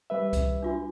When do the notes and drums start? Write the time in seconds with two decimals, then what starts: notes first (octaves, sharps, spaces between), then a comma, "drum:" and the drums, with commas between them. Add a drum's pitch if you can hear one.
0.10 G3 B4 E5
0.33 drum: kick C2, hi-hat
0.62 D4 F4 F#4